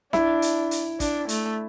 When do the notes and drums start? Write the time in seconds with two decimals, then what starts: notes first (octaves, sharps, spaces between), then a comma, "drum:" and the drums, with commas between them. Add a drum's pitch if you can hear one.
0.13 D4 E4, drum: snare
0.42 drum: hi-hat
0.71 drum: hi-hat
1.00 D4, drum: kick, hi-hat
1.29 A3, drum: hi-hat